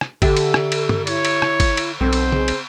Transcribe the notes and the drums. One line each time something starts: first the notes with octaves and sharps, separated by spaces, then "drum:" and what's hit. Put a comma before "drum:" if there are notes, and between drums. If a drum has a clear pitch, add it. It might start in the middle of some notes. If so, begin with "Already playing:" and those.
drum: rim click
D3 G4 A4 E5, drum: kick, cymbal
drum: cymbal
drum: rim click
drum: cymbal
drum: tom
E4 C#5, drum: cymbal
drum: cymbal
drum: rim click
drum: kick, cymbal
drum: cymbal
B1 C4 A4 C5
drum: cymbal
G#4, drum: tom
drum: cymbal